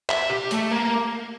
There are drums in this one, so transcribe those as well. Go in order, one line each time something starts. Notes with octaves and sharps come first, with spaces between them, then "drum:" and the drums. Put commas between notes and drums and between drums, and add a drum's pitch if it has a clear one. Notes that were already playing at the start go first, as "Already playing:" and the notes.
E5, drum: clap
G4
A3, drum: hi-hat
A#3